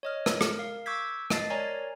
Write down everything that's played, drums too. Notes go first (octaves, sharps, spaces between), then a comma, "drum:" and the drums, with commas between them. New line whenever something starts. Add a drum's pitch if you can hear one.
C#5 D#5 F6
drum: rim click
A#4, drum: rim click
F5
C#6 D6 E6 G6 G#6 B6
D#5 A5 A6 C7, drum: rim click
A#4 C#5 D5 G#5 A#5